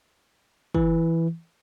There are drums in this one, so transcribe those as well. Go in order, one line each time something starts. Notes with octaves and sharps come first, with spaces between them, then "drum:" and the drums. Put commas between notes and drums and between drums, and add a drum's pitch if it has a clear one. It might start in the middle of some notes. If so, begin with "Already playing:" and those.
E3, drum: kick